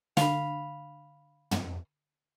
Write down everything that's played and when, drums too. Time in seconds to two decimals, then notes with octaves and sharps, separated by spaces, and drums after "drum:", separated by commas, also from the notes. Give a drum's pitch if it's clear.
0.17 D3 F5 B5, drum: snare
1.51 drum: tom